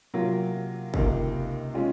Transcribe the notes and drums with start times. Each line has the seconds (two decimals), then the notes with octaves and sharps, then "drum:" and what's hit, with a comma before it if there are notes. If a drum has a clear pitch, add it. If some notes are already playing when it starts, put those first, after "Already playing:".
0.14 C3 F#3 A#3 F4 A#4
0.94 C#2 C3 D#3 A#3, drum: kick
1.74 F3 G#3 C#4 F4